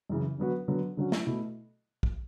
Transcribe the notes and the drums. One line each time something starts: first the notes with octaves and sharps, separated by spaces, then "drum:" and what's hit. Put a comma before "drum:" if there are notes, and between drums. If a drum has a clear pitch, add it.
F#2 C#3 E3
D3 F#3 B3 F#4
D3 F#3 B3
D3 F#3 C#4 F#4
drum: snare
B2 A3 E4
drum: kick